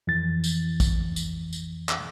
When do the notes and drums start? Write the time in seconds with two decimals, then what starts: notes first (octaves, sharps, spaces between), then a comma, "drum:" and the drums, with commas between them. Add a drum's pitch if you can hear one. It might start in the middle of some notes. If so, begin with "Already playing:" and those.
0.07 F2 E3 A6
0.44 drum: tambourine
0.80 drum: kick, tambourine
1.16 drum: tambourine
1.53 drum: tambourine
1.89 drum: clap